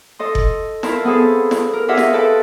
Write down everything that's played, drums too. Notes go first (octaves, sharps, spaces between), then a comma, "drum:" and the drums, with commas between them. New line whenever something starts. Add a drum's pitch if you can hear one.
A4 D#5 C6
drum: kick F#1
E4 F4 A#4 A5, drum: snare
B3 C4 G#4 A4
drum: snare
A#4
F4 G4 G#4 D#5 E5 F#5
drum: snare
A4 B4 E5 G5 A5